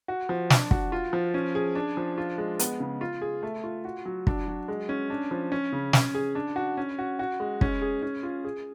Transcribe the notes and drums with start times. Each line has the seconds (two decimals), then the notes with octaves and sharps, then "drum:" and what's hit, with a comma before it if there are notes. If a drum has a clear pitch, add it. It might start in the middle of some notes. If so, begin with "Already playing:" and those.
0.08 F#4
0.29 F3
0.50 D4, drum: snare
0.71 F#4, drum: kick
0.92 F4
1.13 F3
1.34 C#4
1.55 G#4
1.75 D4
1.97 F3
2.18 F4
2.38 G#3
2.59 B3, drum: hi-hat
2.80 C#3
3.01 F4
3.22 G#4
3.43 A3
3.64 F4
3.85 F#4
4.06 F#3
4.27 D4, drum: kick
4.48 F#3
4.68 G#3
4.89 C#4
5.10 D4
5.31 F3
5.52 C#4
5.72 C#3
5.93 C#4, drum: snare
6.15 G#4
6.35 D4
6.56 F#4
6.77 C#4
6.99 F#4
7.19 F#4
7.40 G#3
7.61 C#4, drum: kick
7.82 G#4
8.02 C#4
8.23 F4
8.44 G#4